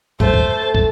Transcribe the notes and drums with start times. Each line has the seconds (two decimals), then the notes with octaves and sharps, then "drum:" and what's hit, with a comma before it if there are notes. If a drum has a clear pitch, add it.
0.20 A3 C5 A5, drum: kick
0.34 drum: kick
0.75 drum: kick